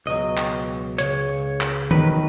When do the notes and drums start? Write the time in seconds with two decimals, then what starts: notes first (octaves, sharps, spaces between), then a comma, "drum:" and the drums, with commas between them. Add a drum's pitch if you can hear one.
0.06 C#2 B2 F#3 D#5
0.37 drum: clap
0.98 C#2 C#3 C#5, drum: hi-hat
1.61 drum: clap
1.91 E2 D#3 F#3 B4, drum: tom